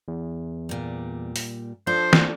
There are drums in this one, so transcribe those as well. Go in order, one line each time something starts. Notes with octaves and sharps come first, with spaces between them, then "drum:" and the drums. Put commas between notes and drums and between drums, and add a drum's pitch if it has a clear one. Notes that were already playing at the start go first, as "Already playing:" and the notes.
E2
A#2 G3
drum: open hi-hat
F3 D4 A4 C5 G6
drum: snare